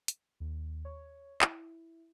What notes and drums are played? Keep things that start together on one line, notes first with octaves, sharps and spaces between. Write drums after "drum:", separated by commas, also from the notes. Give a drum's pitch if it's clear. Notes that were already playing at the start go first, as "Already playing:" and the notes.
drum: hi-hat
D#2
C#5
E4, drum: clap